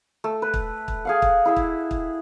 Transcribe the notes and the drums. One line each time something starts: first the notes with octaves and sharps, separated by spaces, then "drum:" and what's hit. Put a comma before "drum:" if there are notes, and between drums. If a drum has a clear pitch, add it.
A3
B4
drum: kick
drum: kick
G#4 F5 F#5
drum: kick
E4 G#4 E5
drum: kick
drum: kick